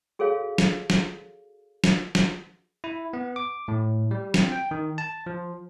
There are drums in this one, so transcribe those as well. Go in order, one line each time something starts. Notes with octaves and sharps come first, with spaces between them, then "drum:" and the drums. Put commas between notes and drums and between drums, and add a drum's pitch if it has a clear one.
F#4 G#4 A4 C#5 F5
drum: snare
drum: snare
drum: snare
drum: snare
E4
B3
D6
A2
G3
C4, drum: snare
G5
D#3
A5
F3